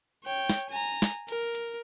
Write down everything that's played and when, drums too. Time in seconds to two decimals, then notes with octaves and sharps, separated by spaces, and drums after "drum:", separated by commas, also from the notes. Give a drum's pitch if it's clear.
0.24 C#5 G5
0.50 drum: snare
0.69 G#5 A#5
1.02 drum: snare
1.28 A#4, drum: hi-hat
1.55 drum: hi-hat